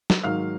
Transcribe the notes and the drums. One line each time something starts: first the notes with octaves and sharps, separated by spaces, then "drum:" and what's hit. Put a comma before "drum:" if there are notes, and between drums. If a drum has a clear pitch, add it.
drum: snare
G#2 D#3 F#3 F5 F6